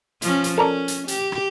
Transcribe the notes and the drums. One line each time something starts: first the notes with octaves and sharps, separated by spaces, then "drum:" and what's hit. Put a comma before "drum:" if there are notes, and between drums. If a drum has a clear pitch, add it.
F3 C#4, drum: hi-hat
drum: hi-hat
C#4 A4 A#4 D5
drum: hi-hat
G4, drum: hi-hat
drum: rim click